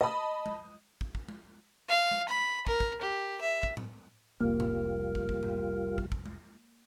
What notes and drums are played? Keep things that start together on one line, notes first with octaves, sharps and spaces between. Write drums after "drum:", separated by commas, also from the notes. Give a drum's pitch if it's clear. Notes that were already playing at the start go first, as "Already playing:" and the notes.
D#5 A5 B5 D#6
drum: tom G#3
drum: kick
drum: kick
drum: tom G#3
F5
drum: tom G#3
B5
A#4, drum: kick
drum: kick
G4
E5
drum: kick
drum: tom A2
F1 C2 G3 A#3 F4 A#4
drum: tom A2
drum: kick
drum: kick
drum: tom G#2
drum: kick
drum: kick
drum: tom G#3